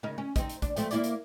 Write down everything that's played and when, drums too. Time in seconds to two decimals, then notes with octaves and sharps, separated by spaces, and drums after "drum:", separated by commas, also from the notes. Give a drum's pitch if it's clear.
0.03 C#3 D#4 A#4
0.18 C#4
0.36 C4 D#4, drum: kick, hi-hat
0.49 drum: hi-hat
0.62 D4, drum: kick, hi-hat
0.77 F3 A3 C4, drum: hi-hat
0.91 A#3 E4 D5, drum: hi-hat
1.04 drum: hi-hat